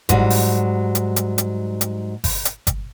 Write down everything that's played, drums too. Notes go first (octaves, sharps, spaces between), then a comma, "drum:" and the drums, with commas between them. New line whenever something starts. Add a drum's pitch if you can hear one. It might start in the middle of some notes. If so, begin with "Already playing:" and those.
G#2 F#3 G3, drum: kick G1, hi-hat
drum: open hi-hat
drum: hi-hat
drum: hi-hat
drum: hi-hat
drum: hi-hat
drum: kick G1, open hi-hat
drum: hi-hat
drum: kick G1, hi-hat